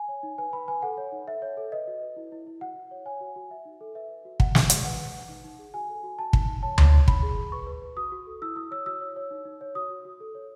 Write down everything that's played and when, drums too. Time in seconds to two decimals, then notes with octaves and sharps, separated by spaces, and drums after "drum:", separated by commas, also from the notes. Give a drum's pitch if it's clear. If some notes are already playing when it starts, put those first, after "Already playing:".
Already playing: G#5
0.08 C#5
0.23 D#4
0.38 B4 G#5
0.53 B4 B5
0.68 B4 G#5
0.82 A4 F#5
0.97 C#5
1.12 D#4
1.27 A4 E5
1.42 C#5
1.57 A4
1.72 B4 D#5
1.87 F#4
2.02 B4
2.16 E4
2.32 E4
2.47 E4
2.61 F#4 F#5
2.76 F#4
2.91 C#5
3.06 C#5 G#5
3.21 F#4
3.36 F#4
3.50 F#4 E5
3.65 D#4
3.81 A4
3.95 B4 E5
4.10 B4
4.25 F#4
4.40 F#4 F#5, drum: kick
4.55 F#4, drum: snare
4.70 B4, drum: hi-hat
4.84 B4 F#5
4.99 B4
5.14 B4
5.29 D#4
5.44 D#4
5.59 G#4
5.74 F#4 G#5
5.89 A4
6.04 F#4
6.18 F#4 A5
6.33 D#4, drum: kick
6.48 D#4
6.63 C#5 A5
6.78 C#5, drum: tom D2
6.93 C#5
7.08 D#4 B5, drum: kick
7.23 G#4
7.37 G#4
7.52 B4 C#6
7.67 B4
7.82 B4
7.97 F#4 D#6
8.12 F#4
8.27 A4
8.42 E4 E6
8.56 E4 D#6
8.71 C#5 E6
8.86 F#4 E6
9.01 C#5
9.16 C#5
9.31 D#4
9.45 D#4
9.61 C#5
9.75 F#4 D#6
9.90 F#4
10.05 F#4
10.20 A4
10.35 C#5